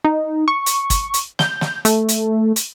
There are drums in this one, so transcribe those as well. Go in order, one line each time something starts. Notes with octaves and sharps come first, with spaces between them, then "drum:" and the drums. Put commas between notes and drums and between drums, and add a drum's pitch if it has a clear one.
D#4
C#6
drum: hi-hat
drum: kick, hi-hat
drum: hi-hat
G6, drum: snare
drum: snare
A3, drum: hi-hat
drum: hi-hat
drum: hi-hat